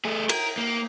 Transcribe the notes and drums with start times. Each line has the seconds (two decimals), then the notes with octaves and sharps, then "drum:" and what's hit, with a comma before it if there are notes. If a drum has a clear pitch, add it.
0.05 A3 G#4
0.29 A#4, drum: cymbal
0.58 A#3